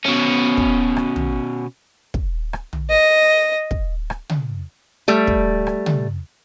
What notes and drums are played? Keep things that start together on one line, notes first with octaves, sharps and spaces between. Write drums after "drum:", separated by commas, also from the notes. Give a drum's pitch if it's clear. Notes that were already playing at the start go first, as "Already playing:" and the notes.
B2 C#4
drum: kick
drum: rim click
drum: tom
drum: kick
drum: rim click
drum: tom
D#5
drum: kick
drum: rim click
drum: tom
G3 A3
drum: kick
drum: rim click
drum: tom